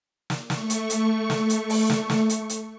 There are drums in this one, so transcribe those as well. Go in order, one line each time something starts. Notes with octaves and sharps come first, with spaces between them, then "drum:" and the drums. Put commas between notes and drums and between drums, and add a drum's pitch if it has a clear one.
drum: snare
A3 C#6, drum: snare
drum: hi-hat
drum: hi-hat
drum: snare
drum: hi-hat
drum: open hi-hat
drum: snare
drum: snare
drum: hi-hat
drum: hi-hat